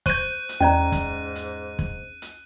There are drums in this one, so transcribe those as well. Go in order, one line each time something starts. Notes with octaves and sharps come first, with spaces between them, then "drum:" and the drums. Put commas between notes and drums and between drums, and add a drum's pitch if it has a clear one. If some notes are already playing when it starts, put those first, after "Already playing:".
C5 C#6 F#6 G6 D#7, drum: kick, hi-hat
drum: hi-hat
E2 G#2 C#4 D5 A#5
drum: kick, hi-hat
drum: hi-hat
drum: kick
drum: hi-hat